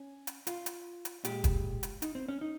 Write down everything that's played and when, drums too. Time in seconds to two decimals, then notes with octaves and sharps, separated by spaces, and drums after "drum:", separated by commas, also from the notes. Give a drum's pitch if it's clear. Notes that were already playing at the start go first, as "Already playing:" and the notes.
Already playing: C#4
0.27 drum: hi-hat
0.47 F4, drum: hi-hat
0.66 drum: hi-hat
1.05 drum: hi-hat
1.25 A#2 G#3 G4, drum: hi-hat
1.44 drum: kick, hi-hat
1.83 drum: hi-hat
2.02 D#4, drum: hi-hat
2.15 C4
2.28 C#4
2.41 D#4